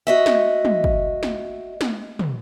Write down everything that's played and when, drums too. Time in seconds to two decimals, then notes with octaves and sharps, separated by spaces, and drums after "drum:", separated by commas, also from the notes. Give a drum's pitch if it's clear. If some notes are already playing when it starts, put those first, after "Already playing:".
0.07 F#4 D#5 E5
0.26 drum: snare
0.65 drum: tom
0.84 drum: kick
1.23 drum: snare
1.81 drum: snare
2.19 drum: tom